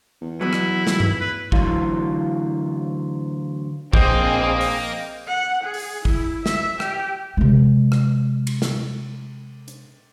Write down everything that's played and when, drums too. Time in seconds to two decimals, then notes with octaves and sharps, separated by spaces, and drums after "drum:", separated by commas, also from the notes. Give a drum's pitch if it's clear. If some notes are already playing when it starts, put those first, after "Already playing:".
0.22 E2
0.41 F#3 B3 E4
0.53 drum: rim click
0.87 drum: snare
1.00 drum: tom G2
1.21 B4
1.52 D2 E3 F#3 F4, drum: kick
3.93 A#1 A#3 C4 G#4 D#5 G5, drum: kick
4.43 D#6
4.61 drum: open hi-hat
5.27 F#5
5.64 G#4
5.74 drum: open hi-hat
6.05 E4, drum: kick
6.46 E5, drum: snare
6.80 G4, drum: rim click
7.37 C3 G#3
7.92 drum: rim click
8.47 drum: cymbal
8.62 drum: snare
9.68 drum: hi-hat